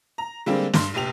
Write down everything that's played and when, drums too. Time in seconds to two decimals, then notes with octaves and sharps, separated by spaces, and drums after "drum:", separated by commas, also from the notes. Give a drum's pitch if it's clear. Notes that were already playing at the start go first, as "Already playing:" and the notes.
0.18 A#5
0.46 D3 G3 G#3 A#3 C4
0.74 G2 C6, drum: snare
0.94 F1 A#1 G4 F7